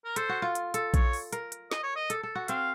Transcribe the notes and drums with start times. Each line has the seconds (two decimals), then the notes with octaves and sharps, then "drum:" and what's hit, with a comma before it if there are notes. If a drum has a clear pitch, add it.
0.05 A#4
0.16 A4 C5, drum: hi-hat
0.29 F#4
0.42 F4
0.55 drum: hi-hat
0.74 A4, drum: hi-hat
0.94 C#5, drum: kick A#1, hi-hat
1.13 drum: open hi-hat
1.33 A#4, drum: hi-hat
1.52 drum: hi-hat
1.71 D#5, drum: snare
1.83 C#5
1.95 D#5
2.10 A4, drum: hi-hat
2.23 A4
2.35 F#4
2.48 C4 F5, drum: hi-hat